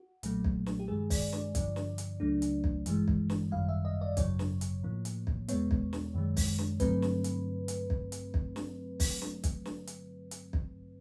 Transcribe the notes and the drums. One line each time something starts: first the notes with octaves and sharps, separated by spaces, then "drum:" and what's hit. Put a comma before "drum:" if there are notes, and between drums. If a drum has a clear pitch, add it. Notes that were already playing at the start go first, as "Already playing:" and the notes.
Already playing: F#4
B1 A#2 F#3 A3, drum: hi-hat
drum: kick
drum: snare
G4
G2 D#3 G#3 G#4
D5, drum: kick, open hi-hat
D5, drum: snare
G2 D3 F3 D5, drum: kick, hi-hat
drum: snare
drum: hi-hat
C#2 C#3 F#3 A3 D4
drum: hi-hat
drum: kick
G#1 G2 E3 G#3, drum: hi-hat
drum: kick
drum: snare
G#1 F#2 D#3 G3 F5
E5
D#5
D5
G#1 F#2 C#3 F#3 C#5, drum: kick, hi-hat
drum: snare
drum: hi-hat
A2 F3 A#3
drum: hi-hat
drum: kick
E2 B2 G#3 B3 C#5, drum: hi-hat
drum: kick
drum: snare
F#2 D#3 G#3
drum: kick, open hi-hat
drum: snare
G2 D3 F#3 A3 C4 B4, drum: kick, hi-hat
drum: snare
drum: hi-hat
drum: hi-hat
drum: kick
drum: hi-hat
drum: kick
drum: snare
drum: kick, open hi-hat
drum: snare
drum: kick, hi-hat
drum: snare
drum: hi-hat
drum: hi-hat
drum: kick